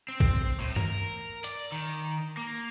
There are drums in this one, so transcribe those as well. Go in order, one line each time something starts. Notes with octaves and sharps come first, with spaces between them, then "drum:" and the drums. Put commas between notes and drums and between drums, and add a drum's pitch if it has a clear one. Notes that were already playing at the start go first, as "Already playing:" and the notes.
C4
drum: kick A1
A2
A#4, drum: tom G2
D5, drum: hi-hat
D#3
A#3